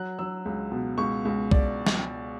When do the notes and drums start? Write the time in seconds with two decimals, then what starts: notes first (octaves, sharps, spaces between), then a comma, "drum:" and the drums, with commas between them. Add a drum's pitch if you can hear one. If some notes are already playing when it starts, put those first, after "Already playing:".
Already playing: F#3 F#6
0.19 F#3 E6
0.45 C#2
0.72 B2
0.98 C#2 C#6
1.25 C#2
1.51 D5, drum: kick
1.87 drum: snare